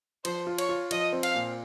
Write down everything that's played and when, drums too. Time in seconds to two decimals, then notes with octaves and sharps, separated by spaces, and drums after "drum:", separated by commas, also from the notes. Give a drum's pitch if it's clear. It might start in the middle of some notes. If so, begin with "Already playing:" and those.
0.25 F3 C5, drum: cymbal
0.47 F4
0.58 C#5, drum: cymbal
0.69 F4
0.91 F3 D#5, drum: cymbal
1.12 C4
1.23 F5, drum: cymbal
1.35 A#2